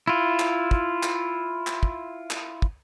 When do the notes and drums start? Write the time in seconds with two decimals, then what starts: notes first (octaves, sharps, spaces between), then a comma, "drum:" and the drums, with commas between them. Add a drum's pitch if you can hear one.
0.08 E4 F4
0.39 drum: clap
0.71 drum: kick
1.03 drum: clap
1.67 drum: clap
1.83 drum: kick
2.30 drum: clap
2.62 drum: kick